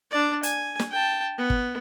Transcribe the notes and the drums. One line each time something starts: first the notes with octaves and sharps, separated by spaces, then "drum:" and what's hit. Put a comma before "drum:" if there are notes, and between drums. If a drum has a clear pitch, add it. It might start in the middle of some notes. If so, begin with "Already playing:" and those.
D4 D5
G#5, drum: hi-hat
drum: snare
G5 A5
B3
drum: kick